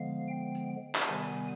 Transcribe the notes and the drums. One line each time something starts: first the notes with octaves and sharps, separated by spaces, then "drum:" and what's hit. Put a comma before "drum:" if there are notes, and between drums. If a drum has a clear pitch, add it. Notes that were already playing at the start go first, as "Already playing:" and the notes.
Already playing: D3 F3 G#3 B3 F5
G5
drum: hi-hat
drum: clap
C3 D#3 G3 B3 G#5